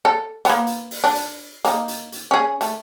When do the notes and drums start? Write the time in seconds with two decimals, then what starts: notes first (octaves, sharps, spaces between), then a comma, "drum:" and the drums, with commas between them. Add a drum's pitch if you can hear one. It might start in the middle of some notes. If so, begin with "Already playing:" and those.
0.05 A4
0.45 A#3 B3, drum: hi-hat
0.67 drum: hi-hat
0.91 drum: open hi-hat
1.04 D4
1.15 drum: hi-hat
1.65 A#3 D#4, drum: hi-hat
1.88 drum: hi-hat
2.12 drum: hi-hat
2.31 C#4 G#4
2.61 A3, drum: hi-hat